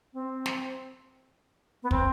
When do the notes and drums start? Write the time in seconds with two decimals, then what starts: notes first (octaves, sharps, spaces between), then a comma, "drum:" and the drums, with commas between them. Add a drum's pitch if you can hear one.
0.13 C4
0.46 drum: snare
1.83 B3
1.91 C4, drum: kick